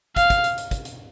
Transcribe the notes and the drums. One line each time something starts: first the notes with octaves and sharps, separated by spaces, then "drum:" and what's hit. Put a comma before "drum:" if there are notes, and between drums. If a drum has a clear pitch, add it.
F5, drum: kick, hi-hat
drum: kick, hi-hat
drum: hi-hat
drum: hi-hat
drum: kick, hi-hat
drum: hi-hat